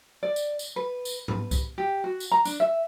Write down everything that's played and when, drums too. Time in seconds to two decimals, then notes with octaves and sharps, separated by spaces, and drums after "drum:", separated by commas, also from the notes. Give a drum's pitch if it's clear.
0.23 D5
0.36 drum: tambourine
0.59 drum: tambourine
0.76 B4
1.05 drum: tambourine
1.28 B4, drum: tom G#2
1.51 drum: kick, tambourine
1.78 G4
2.04 F#4
2.20 drum: tambourine
2.32 A#5
2.45 D4, drum: tambourine
2.60 E5